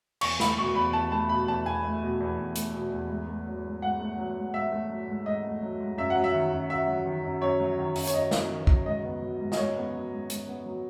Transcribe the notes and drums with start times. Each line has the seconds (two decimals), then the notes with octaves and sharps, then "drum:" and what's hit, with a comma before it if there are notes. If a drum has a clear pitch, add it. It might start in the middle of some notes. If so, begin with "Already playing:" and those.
0.21 E2 C#6, drum: cymbal
0.40 A3 B5, drum: snare
0.58 B2 C#6
0.75 E2 B5
0.93 E2 A5
1.12 A3 A5
1.29 B2 B5
1.48 E2 A5
1.66 E2 G#5
1.84 A3
2.02 B2
2.20 E2
2.38 E2
2.56 A3, drum: hi-hat
2.74 B2
2.92 E2
3.09 G#2
3.27 A3
3.46 F#3
3.64 G#2
3.82 G#2 F#5
4.00 A3
4.17 F#3
4.36 G#2
4.53 G#2 E5
4.72 A3
4.89 F#3
5.08 G#2
5.25 G#2 D#5
5.44 A3
5.62 F#3
5.80 G#2
5.98 F#2 E5
6.10 F#5
6.15 F#3
6.24 E5
6.34 D#3
6.52 F#2
6.69 F#2 E5
6.88 F#3
7.06 D#3
7.24 F#2
7.42 F#2 C#5
7.60 F#3
7.78 D#3
7.96 F#2, drum: open hi-hat
8.07 C#5, drum: hi-hat
8.14 F#2 D#5
8.31 F#3, drum: snare
8.50 D#3
8.67 F#2, drum: kick
8.86 G#2 D#5
9.04 B3
9.22 F#3
9.40 G#2
9.52 D#5, drum: snare
9.57 G#2 C#5
9.76 B3
9.94 F#3
10.12 G#2
10.30 G#2, drum: hi-hat
10.48 B3
10.66 F#3